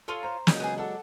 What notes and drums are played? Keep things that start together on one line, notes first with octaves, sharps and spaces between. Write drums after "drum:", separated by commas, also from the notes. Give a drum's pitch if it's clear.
F4 A4 C#5 C6
C5 A#5
C#3 F#3 G#3 G6, drum: snare
B3 C4 G#4
D4 A4 F#5